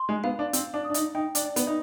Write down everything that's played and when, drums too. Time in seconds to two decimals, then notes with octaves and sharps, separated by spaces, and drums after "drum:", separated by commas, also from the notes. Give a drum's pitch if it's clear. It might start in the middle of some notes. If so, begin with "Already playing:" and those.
Already playing: C6
0.09 G#3
0.24 B3 F5
0.39 D4
0.53 C4 F5, drum: hi-hat
0.74 D4
0.85 D#6
0.90 D4
0.94 D#4, drum: hi-hat
1.15 D#4 G5
1.35 D4, drum: hi-hat
1.45 D5
1.56 B3, drum: hi-hat
1.67 D#4